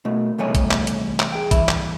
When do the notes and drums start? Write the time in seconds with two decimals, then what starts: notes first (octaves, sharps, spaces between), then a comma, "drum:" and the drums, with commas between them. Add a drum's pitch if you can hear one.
0.05 B2 A3
0.38 E2 C3 G3 A3 C#5 G#5
0.55 drum: kick A1, hi-hat
0.71 drum: clap
0.87 drum: hi-hat
1.20 drum: clap
1.32 G#4 G5
1.51 G2 E3 E5 B5, drum: kick A1, hi-hat
1.68 drum: clap